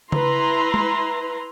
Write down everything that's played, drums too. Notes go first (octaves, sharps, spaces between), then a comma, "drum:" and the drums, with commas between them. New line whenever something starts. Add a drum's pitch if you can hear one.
E4 B4 A#5 C6, drum: tom C#3
drum: tom G#3